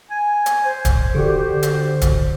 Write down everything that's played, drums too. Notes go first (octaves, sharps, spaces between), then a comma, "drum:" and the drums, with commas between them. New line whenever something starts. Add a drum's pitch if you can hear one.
G#5
drum: hi-hat
C5
drum: kick, hi-hat
D3 F#4 G4
drum: hi-hat
drum: kick, hi-hat